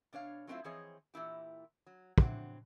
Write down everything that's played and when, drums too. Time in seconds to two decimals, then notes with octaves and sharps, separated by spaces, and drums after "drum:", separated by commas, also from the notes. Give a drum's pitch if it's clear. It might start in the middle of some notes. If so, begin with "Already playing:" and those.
0.13 B2 D4 C#5 F5
0.47 F#3 A3 C4 C#4 E4 F4
0.64 E3 F3 C4 G#4 C#5 D#5
1.14 A#2 E3 E4 G4
1.86 F#3
2.18 E2 F#3 C4 D4 F#5, drum: kick